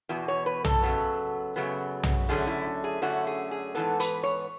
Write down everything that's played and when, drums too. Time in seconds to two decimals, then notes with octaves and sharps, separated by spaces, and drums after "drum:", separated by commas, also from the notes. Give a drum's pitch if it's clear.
0.09 E2 B2
0.28 C#5
0.46 B4
0.65 A4, drum: tom B1
0.82 F#2 C#3 F#3 B3
1.56 F#2 C#3 F#3 B3
2.03 drum: tom B1
2.29 F#2 D3 A3 C#4 G#4
2.47 E4
2.84 G#4
3.02 F#2 D3 A3 C#4 F#4
3.27 G#4
3.51 G#4
3.74 G#2 E3 B3 A4
4.00 B4, drum: hi-hat
4.23 C#5